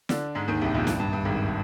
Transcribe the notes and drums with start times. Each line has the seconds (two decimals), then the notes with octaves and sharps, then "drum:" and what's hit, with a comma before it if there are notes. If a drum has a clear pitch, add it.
0.09 D3 D4, drum: snare
0.35 G#2 G#3
0.48 D#2 D#3
0.61 C2 C3
0.74 A#1 A#2
0.87 G2, drum: snare
1.00 G2
1.13 G2
1.25 G#1 G#2